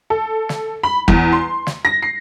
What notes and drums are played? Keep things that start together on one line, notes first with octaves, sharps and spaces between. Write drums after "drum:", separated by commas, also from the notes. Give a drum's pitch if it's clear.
A4
drum: snare
B5
E2, drum: kick F#1
C6
drum: snare
A#6
C7